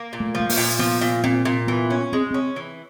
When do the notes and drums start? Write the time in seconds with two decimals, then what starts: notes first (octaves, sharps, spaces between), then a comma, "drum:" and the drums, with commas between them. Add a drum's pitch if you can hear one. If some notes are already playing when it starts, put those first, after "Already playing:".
Already playing: A#3
0.13 A#2
0.20 A3
0.35 F3
0.40 A3
0.49 A#3, drum: open hi-hat
0.57 A#2
0.79 F3 B3
1.01 A#2
1.24 A#2 C4
1.45 A#2
1.67 E3 B3
1.90 C#4
2.13 G#3 C4
2.31 C4 C#4
2.56 E3